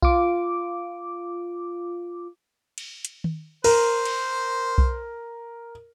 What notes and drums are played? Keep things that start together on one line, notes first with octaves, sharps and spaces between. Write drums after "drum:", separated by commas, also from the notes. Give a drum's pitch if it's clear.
F4 D6, drum: kick B1
drum: cymbal
drum: hi-hat
drum: tom D#3
A#4 C5, drum: cymbal
drum: cymbal
drum: kick B1